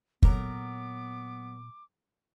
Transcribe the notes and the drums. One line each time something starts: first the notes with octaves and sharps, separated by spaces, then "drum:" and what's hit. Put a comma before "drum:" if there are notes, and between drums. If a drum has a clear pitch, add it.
A#2 F#3 B3 A#4 A#5 D6, drum: kick